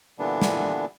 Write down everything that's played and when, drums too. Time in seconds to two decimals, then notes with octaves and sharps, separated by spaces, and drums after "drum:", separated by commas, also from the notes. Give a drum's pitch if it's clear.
0.19 A#2 D3 E3 G3 B3 D4
0.42 drum: snare